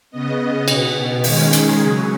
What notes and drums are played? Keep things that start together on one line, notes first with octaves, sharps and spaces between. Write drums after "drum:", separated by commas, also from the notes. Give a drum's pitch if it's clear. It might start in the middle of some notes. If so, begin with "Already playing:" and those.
C#3 B3 D#5
B2 B3, drum: cymbal
D#3 G#3 C#4 C#5, drum: open hi-hat
G#4, drum: hi-hat
C#3 F#3 C#4 F#4